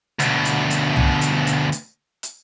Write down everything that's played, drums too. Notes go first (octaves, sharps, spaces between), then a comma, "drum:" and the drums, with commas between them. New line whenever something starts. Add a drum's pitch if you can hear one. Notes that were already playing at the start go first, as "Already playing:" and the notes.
D2 B2, drum: hi-hat
drum: hi-hat
drum: hi-hat
drum: tom C2
drum: hi-hat
drum: hi-hat
drum: hi-hat
drum: hi-hat